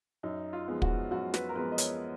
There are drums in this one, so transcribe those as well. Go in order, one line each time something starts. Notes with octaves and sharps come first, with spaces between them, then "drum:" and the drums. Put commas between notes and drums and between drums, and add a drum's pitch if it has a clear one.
F#2 D#4
F4
F3 G#3 B3
F#4, drum: kick
F#2 F#4
B4, drum: snare
A#4
F3 G#3 B3 B4
D#5
C#5, drum: hi-hat